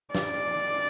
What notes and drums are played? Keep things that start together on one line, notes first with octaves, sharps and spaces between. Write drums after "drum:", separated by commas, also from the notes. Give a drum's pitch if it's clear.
D5, drum: snare